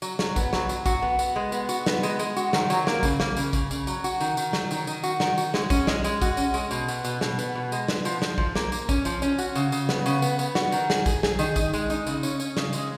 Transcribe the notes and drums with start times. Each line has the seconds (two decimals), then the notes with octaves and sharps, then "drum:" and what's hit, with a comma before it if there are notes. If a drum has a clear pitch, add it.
0.02 F#3, drum: tambourine
0.19 F#3, drum: snare
0.36 B3, drum: kick A#1, tambourine
0.53 F#3, drum: snare
0.69 F#3, drum: tambourine
0.86 F#4, drum: kick A#1, tambourine
1.02 B3
1.19 B3, drum: tambourine
1.36 G#3
1.52 B3, drum: tambourine
1.69 F#4, drum: tambourine
1.86 B3, drum: snare
2.03 G#3, drum: tambourine
2.19 G#3, drum: tambourine
2.36 F#4, drum: tambourine
2.53 D#3, drum: snare
2.70 F#3, drum: tambourine
2.87 A#3, drum: snare
3.03 C#3, drum: kick A#1, tambourine
3.20 A#3, drum: snare
3.37 C#3, drum: tambourine
3.53 C#3, drum: kick A#1, tambourine
3.71 C#3, drum: tambourine
3.87 F#3, drum: tambourine
4.04 F#4, drum: tambourine
4.20 D#3, drum: tambourine
4.37 D#3, drum: tambourine
4.53 F#3, drum: snare
4.71 D#3, drum: tambourine
4.87 D#3, drum: tambourine
5.03 F#4, drum: tambourine
5.20 D#3, drum: snare
5.38 F#4, drum: tambourine
5.54 G#3, drum: snare
5.70 C#4, drum: kick A#1, tambourine
5.87 G#3, drum: snare
6.04 G#3, drum: tambourine
6.22 F#4, drum: kick A#1, tambourine
6.37 C#4, drum: tambourine
6.54 G#3, drum: tambourine
6.71 B2, drum: tambourine
6.88 B3, drum: tambourine
7.05 B2, drum: tambourine
7.21 B2, drum: snare
7.39 B3, drum: tambourine
7.55 B2
7.72 G#3, drum: tambourine
7.88 B3, drum: snare
8.05 F3, drum: tambourine
8.22 F3, drum: snare
8.38 F3, drum: kick A#1
8.55 A#3, drum: snare
8.72 A#3, drum: tambourine
8.89 C#4, drum: kick A#1, tambourine
9.05 F3, drum: tambourine
9.22 C#4, drum: tambourine
9.39 F#4, drum: tambourine
9.55 C#3, drum: tambourine
9.72 C#3, drum: tambourine
9.89 B3, drum: snare
10.06 C#3, drum: tambourine
10.22 B3, drum: tambourine
10.39 B3, drum: tambourine
10.55 F#4, drum: snare
10.72 D#3, drum: tambourine
10.90 G#4, drum: snare
11.06 G#4, drum: kick A#1, tambourine
11.23 G#4, drum: snare
11.39 D#3, drum: tambourine
11.56 D#4, drum: kick A#1, tambourine
11.73 G#3, drum: tambourine
11.90 D#4, drum: tambourine
12.07 C#3, drum: tambourine
12.23 C#4, drum: tambourine
12.40 C#4, drum: tambourine
12.57 C#3, drum: snare
12.73 G#3, drum: tambourine